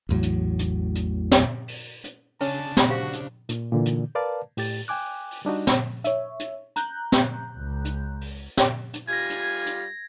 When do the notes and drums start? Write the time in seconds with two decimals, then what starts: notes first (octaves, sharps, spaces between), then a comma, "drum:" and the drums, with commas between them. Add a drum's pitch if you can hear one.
0.09 A1 E2 A2 F#3
0.23 drum: hi-hat
0.59 drum: hi-hat
0.95 drum: hi-hat
1.32 drum: snare
1.68 drum: open hi-hat
2.04 drum: hi-hat
2.41 C#3 C#4 D4 A5, drum: open hi-hat
2.77 drum: snare
2.90 F#4 G4 C5 F5
3.13 drum: hi-hat
3.49 A#2, drum: hi-hat
3.72 A#2 D3 E3
3.86 drum: hi-hat
4.15 A#4 B4 D5 F5 A5
4.57 A2 G4 A6, drum: open hi-hat
4.88 G5 G#5 D6 F#6
5.31 drum: open hi-hat
5.45 G3 D4 D#4 F#4
5.67 drum: snare
6.04 C#5 E5, drum: hi-hat
6.40 drum: hi-hat
6.76 A#5 F#6 G6, drum: hi-hat
7.12 drum: snare
7.56 C#2
7.85 drum: hi-hat
8.21 drum: open hi-hat
8.57 drum: snare
8.94 drum: hi-hat
9.08 G3 F4 G#5 G#6 A#6
9.30 drum: hi-hat
9.66 drum: hi-hat